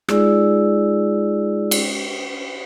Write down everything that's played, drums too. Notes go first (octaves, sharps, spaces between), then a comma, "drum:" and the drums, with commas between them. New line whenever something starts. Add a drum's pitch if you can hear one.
G#3 D#4 F4 G#4 D5 E6, drum: rim click
drum: cymbal